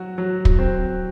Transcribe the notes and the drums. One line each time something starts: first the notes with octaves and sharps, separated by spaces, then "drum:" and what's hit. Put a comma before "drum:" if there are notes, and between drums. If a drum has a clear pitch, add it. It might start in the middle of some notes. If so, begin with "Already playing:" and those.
Already playing: F#3 F#4
F#3
drum: kick
C4